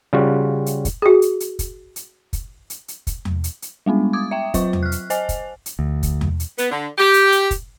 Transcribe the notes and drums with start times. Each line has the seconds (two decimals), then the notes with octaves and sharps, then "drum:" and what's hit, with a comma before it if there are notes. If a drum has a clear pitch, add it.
0.13 C#3 G3 F4 F#4
0.66 drum: hi-hat
0.85 drum: kick, hi-hat
1.02 F#4 G#4
1.22 drum: hi-hat
1.40 drum: hi-hat
1.59 drum: kick, hi-hat
1.96 drum: hi-hat
2.33 drum: kick, hi-hat
2.70 drum: hi-hat
2.88 drum: hi-hat
3.07 drum: kick, hi-hat
3.25 drum: tom E2
3.44 drum: hi-hat
3.62 drum: hi-hat
3.86 G3 G#3 B3 D4
4.13 D6 D#6 G#6
4.31 E5 G5
4.54 F#3 F4 C5 C#6, drum: kick, hi-hat
4.73 drum: tom E2
4.83 F6 F#6
4.92 drum: hi-hat
5.10 C5 D#5 G#5, drum: hi-hat
5.29 drum: kick, hi-hat
5.66 drum: hi-hat
5.79 D2
6.03 drum: kick, hi-hat
6.21 drum: tom E2
6.40 drum: hi-hat
6.58 B3, drum: hi-hat
6.71 D3
6.98 G4
7.14 drum: hi-hat
7.32 drum: hi-hat
7.51 drum: kick, hi-hat